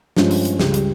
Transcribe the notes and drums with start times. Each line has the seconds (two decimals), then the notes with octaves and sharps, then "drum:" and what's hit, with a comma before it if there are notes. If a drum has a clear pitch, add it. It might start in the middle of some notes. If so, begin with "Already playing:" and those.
0.17 G2 F3 G#3 C#4, drum: snare
0.31 drum: open hi-hat
0.45 drum: hi-hat
0.59 C#2 C#3 G3, drum: snare
0.74 drum: hi-hat